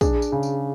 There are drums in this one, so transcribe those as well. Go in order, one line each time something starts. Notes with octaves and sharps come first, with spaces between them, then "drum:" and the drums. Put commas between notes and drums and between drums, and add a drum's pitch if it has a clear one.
D4 G#4, drum: kick, tambourine
drum: tambourine
C#3
drum: tambourine